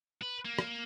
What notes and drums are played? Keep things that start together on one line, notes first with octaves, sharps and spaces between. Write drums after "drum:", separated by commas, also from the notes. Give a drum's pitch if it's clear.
B4
A#3
drum: rim click